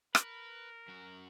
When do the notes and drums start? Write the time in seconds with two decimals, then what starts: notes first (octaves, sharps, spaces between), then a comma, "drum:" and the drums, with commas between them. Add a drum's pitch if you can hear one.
0.15 A#4 B4, drum: rim click
0.88 F#2 F#4